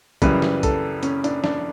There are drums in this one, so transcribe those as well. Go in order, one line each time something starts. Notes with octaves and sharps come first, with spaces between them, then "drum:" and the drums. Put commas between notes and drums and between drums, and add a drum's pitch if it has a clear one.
F#2 C#3 E3 G3 B4, drum: kick, hi-hat
drum: snare
A4, drum: kick, hi-hat
C#4, drum: hi-hat
D4, drum: hi-hat
D4, drum: snare